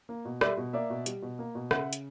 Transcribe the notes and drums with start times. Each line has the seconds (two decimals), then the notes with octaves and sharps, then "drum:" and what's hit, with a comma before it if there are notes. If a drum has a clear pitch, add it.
0.09 A#3
0.25 B2
0.41 G3 D5 E5, drum: rim click
0.57 B2
0.73 A#3 D5 E5
0.90 B2
1.06 G3, drum: hi-hat
1.22 B2
1.39 A#3
1.55 B2
1.71 C#3 E5 F#5, drum: rim click
1.93 drum: hi-hat